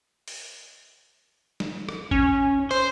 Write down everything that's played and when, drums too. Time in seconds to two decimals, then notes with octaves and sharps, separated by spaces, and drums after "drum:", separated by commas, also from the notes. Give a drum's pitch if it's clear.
0.28 drum: open hi-hat
1.60 drum: snare
1.89 drum: rim click
2.11 C#4, drum: kick G#1
2.71 C5, drum: open hi-hat